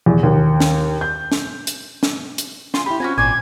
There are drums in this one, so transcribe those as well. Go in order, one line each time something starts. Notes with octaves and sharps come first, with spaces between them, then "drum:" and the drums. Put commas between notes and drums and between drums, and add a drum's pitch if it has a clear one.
E2
D#2
drum: snare
G6
drum: snare
drum: hi-hat
drum: snare
drum: hi-hat
F4 G#5 C6, drum: snare
E4 G4 B5
C4 C#4 F4 F#4 G#5
G#1 A#2 C5 D5 G#5 D6 G#6